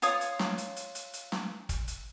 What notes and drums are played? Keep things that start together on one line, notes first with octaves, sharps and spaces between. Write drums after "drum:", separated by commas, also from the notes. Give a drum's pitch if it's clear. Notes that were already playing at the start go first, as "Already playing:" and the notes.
F4 C#5 D#6, drum: hi-hat
drum: hi-hat
drum: snare
drum: hi-hat
drum: hi-hat
drum: hi-hat
drum: hi-hat
drum: snare
drum: kick, hi-hat
drum: hi-hat